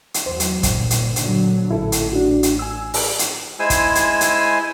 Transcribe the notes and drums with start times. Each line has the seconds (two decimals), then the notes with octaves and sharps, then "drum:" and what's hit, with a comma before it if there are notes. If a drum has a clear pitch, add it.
0.14 drum: hi-hat
0.26 E2 F#3 C5
0.40 drum: hi-hat
0.63 G1 A#2, drum: kick, hi-hat
0.90 drum: hi-hat
1.16 A#2 D3 F#3, drum: hi-hat
1.71 A1 E4 A4
1.92 drum: hi-hat
2.12 D4 F#4
2.43 drum: hi-hat
2.59 G#5 E6
2.94 drum: open hi-hat
3.19 drum: hi-hat
3.59 G#3 E4 C5 G#5 E6
3.70 drum: kick, hi-hat
3.95 drum: hi-hat
4.21 drum: hi-hat